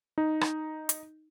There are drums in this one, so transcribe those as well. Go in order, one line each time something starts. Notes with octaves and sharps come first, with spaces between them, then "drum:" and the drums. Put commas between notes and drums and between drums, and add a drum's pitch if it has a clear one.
D#4
drum: rim click
drum: hi-hat